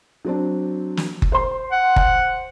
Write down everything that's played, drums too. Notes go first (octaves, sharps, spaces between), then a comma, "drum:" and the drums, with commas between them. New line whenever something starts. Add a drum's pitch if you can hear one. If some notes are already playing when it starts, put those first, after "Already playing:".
F#3 C4 D4
drum: snare
drum: kick F#1
C5 C6
F#5
drum: kick F#1